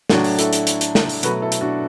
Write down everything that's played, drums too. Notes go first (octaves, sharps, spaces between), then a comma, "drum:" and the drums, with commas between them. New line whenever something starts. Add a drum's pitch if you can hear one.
A2 F#3 A3 D4 F#4, drum: snare
drum: open hi-hat
E4 A4, drum: hi-hat
drum: hi-hat
drum: hi-hat
drum: hi-hat
drum: snare
drum: open hi-hat
B2 F#3 A3 F#4 B4, drum: hi-hat
E4 A4
drum: hi-hat
D4 F#4